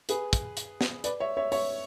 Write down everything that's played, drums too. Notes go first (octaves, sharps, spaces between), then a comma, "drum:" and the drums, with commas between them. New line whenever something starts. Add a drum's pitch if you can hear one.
G#4 B4, drum: hi-hat
drum: kick, hi-hat
drum: hi-hat
drum: snare
B4 D5, drum: hi-hat
C#5 E5
C#5 E5
C#5 E5, drum: open hi-hat